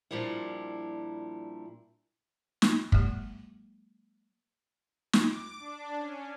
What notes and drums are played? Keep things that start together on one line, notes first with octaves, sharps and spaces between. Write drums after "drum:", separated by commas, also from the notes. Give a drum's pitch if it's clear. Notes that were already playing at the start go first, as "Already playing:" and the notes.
A#2 F3 G3 D4 E4
drum: snare
F#3 G#3 A#3 G4, drum: kick
D6, drum: snare
D4
C#4